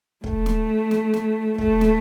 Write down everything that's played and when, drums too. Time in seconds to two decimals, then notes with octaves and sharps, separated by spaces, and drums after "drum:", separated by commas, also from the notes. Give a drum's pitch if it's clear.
0.24 A3, drum: kick
0.46 drum: snare
0.91 drum: snare
1.14 drum: snare
1.58 A3, drum: kick
1.81 drum: snare